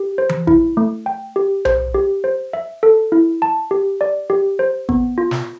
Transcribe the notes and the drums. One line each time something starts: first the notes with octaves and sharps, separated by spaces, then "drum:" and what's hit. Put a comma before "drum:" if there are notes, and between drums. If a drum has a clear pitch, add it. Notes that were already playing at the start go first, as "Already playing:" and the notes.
Already playing: G4
C5
drum: tom E3
E4, drum: kick
A3
G5
G4
C5, drum: tom B1
G4
C5
E5
A4
E4
A5
G4
D5
G4
C5
B3, drum: kick
F4
drum: snare